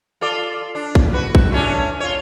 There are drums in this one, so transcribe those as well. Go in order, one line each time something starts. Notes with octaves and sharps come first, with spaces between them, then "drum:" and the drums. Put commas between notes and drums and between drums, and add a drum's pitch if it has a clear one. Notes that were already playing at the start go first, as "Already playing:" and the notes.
F4 A4 D5
D4
drum: kick
F#4 B4
drum: kick
A3 C#4 D4
F4 C#5